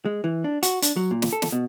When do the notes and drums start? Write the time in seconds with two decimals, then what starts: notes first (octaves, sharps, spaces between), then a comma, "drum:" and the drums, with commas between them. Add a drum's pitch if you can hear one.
0.05 G#3
0.24 E3
0.44 D4
0.63 F#4, drum: hi-hat
0.82 D4, drum: hi-hat
0.96 F#3
1.11 A#2
1.22 drum: snare
1.33 A4
1.42 drum: snare
1.52 B2